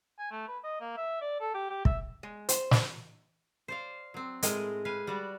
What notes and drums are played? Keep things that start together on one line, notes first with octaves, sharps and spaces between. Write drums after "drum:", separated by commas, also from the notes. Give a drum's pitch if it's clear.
G#5
A3
B4
D#5
A#3
E5
D5
A4
G4
G4
E5, drum: kick
G#3
C5, drum: hi-hat
drum: snare
C5 D5 F5
F#3 C4
A2 G#3 G#4 A#4 D#5, drum: hi-hat
B4 F5 G#5
G3 F#4 D5